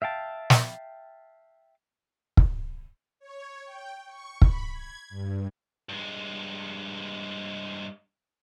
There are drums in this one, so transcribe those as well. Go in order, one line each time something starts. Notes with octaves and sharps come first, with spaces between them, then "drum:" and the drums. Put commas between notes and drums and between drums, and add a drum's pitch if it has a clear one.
E5 F5 G5 A5
drum: snare
drum: kick
C#5
G5
C#6
B5, drum: kick
G#6
G2
G2 G#3